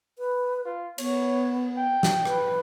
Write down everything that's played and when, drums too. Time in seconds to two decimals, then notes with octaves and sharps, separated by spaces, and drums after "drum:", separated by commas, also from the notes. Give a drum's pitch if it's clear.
0.18 B4
0.65 F4
0.98 B3 C#5, drum: cymbal
1.77 G5
2.03 drum: snare
2.25 B4, drum: rim click